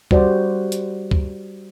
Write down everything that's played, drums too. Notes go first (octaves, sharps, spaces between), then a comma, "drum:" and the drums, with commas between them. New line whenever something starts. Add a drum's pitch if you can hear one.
G3 F#4 C5 D5, drum: kick C#2
drum: hi-hat
drum: kick C#2